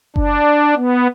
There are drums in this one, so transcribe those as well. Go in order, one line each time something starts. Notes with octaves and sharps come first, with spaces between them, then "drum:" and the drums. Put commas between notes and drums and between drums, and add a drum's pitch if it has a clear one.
D4, drum: kick F#1
B3